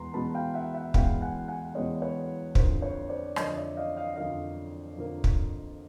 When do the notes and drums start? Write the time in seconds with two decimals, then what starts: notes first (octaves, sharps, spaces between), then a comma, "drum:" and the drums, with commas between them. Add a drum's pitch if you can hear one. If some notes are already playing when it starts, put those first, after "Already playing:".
Already playing: E2 B2 G#3 B3 A#5 C6
0.14 E2 B2 G#3 B3 A5 B5
0.34 F5 G5
0.54 E5 F#5
0.74 E5 F#5
0.94 E2 B2 G#3 B3 F5 G5, drum: kick
1.21 F#5 G#5
1.48 F#5 G#5
1.75 E2 B2 G#3 B3 C#5 D#5
2.02 B4 C#5
2.55 F2 D3 F3 A#3 C5, drum: kick
2.82 B4 C#5
3.09 C5 D5
3.36 F2 D3 F3 A#3 C#5 D#5, drum: rim click
3.56 D5 E5
3.77 D#5 F5
3.96 D#5 F5
4.16 F2 D3 F3 A#3 D#5 F5
4.98 F2 D3 F3 A#3
5.24 drum: kick